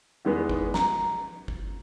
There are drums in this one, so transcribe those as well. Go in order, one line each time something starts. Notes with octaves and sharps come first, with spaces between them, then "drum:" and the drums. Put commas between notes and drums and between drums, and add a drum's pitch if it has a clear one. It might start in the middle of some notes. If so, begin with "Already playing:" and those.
E2 D#3 G#3 B3
drum: kick
A#5, drum: snare
drum: kick